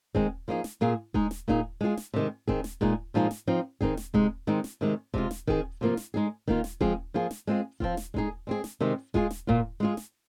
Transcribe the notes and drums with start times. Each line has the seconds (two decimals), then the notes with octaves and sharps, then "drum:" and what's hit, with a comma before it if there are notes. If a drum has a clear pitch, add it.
0.15 D#3 G#3 C4 G#4, drum: kick D#1
0.48 F3 A#3 D#4 G#4
0.64 drum: snare
0.81 A#2 A#3 F4 G#4
1.14 G#3 D#4 G#4, drum: kick D#1
1.31 drum: snare
1.48 A#2 A#3 D#4 G#4, drum: kick D#1
1.81 G#3 F4 G#4
1.97 drum: snare
2.14 C3 D#3 G#3
2.48 D#3 C4 G#4, drum: kick D#1
2.64 drum: snare
2.81 A#2 G#3 D#4 G#4, drum: kick D#1
3.14 A#2 F3 G#3 D#4 G#4
3.31 drum: snare
3.47 F3 C4 D#4
3.81 D#3 C4 D#4 G#4, drum: kick D#1
3.97 drum: snare
4.14 C3 G#3 D#4, drum: kick D#1
4.47 D#3 G#3 C4 D#4
4.64 drum: snare
4.81 C3 D#3 G#3
5.14 C3 G#3 F4, drum: kick D#1
5.31 drum: snare
5.47 D#3 C4 G#4, drum: kick D#1
5.81 C3 F3 A#3 F4
5.97 drum: snare
6.14 G#3 D#4 G#4
6.48 D#3 A#3 F4, drum: kick D#1
6.64 drum: snare
6.81 F3 G#3 C4 G#4, drum: kick D#1
7.14 F3 A#3 F4 G#4
7.31 drum: snare
7.47 G#3 C4 F4 G#4
7.80 F3 C4 F4, drum: kick D#1
7.97 drum: snare
8.14 G#3 D#4 G#4, drum: kick D#1
8.47 G#3 C4 G#4
8.64 drum: snare
8.80 C3 D#3 G#3 C4
9.14 G#3 F4 G#4, drum: kick D#1
9.31 drum: snare
9.47 A#2 A#3 F4, drum: kick D#1
9.80 G#3 F4 G#4
9.97 drum: snare